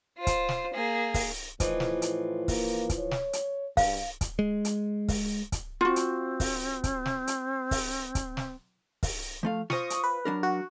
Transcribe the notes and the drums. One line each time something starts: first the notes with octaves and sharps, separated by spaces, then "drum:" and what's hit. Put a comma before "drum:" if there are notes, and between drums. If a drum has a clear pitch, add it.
F4 C5
drum: kick, hi-hat
drum: snare
A#3 G#4
drum: kick, open hi-hat
A2 E3 F3 D#4, drum: kick, hi-hat
drum: snare
drum: hi-hat
A#3, drum: kick, open hi-hat
drum: kick, hi-hat
C#5
drum: snare
drum: hi-hat
G2 F5, drum: kick, open hi-hat
drum: kick, hi-hat
G#3
drum: hi-hat
drum: kick, open hi-hat
drum: kick, hi-hat
C4 F4 F#4
drum: hi-hat
drum: kick, open hi-hat
drum: kick, hi-hat
drum: snare
drum: hi-hat
drum: kick, open hi-hat
drum: kick, hi-hat
drum: snare
drum: kick, open hi-hat
F3 A3 F5
F4 C5 C#6 D#6 A#6, drum: snare
drum: hi-hat
B4
F#3 D4 A#4
F#4